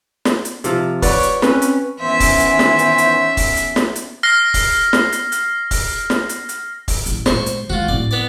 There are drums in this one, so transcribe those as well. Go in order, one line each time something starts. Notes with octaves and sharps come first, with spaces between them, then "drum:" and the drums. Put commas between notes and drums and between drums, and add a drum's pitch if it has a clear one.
drum: snare
drum: hi-hat
C3 F3, drum: hi-hat
B4 C#5 D5 F#5, drum: kick, open hi-hat
drum: hi-hat
C4 C#4 B4, drum: snare
drum: hi-hat
D#3 E3 B3 C#4 C5 E5
drum: kick, open hi-hat
drum: hi-hat
drum: snare
drum: hi-hat
drum: hi-hat
drum: kick, open hi-hat
drum: hi-hat
drum: snare
drum: hi-hat
F6 A#6 C7
drum: kick, open hi-hat
drum: snare
drum: hi-hat
drum: hi-hat
drum: kick, open hi-hat
drum: snare
drum: hi-hat
drum: hi-hat
drum: kick, open hi-hat
A1, drum: hi-hat
A#2 G#3 C5 C#6, drum: snare
drum: hi-hat
E3 G#3 F4 F#4
A2 C4 D5
B3 D5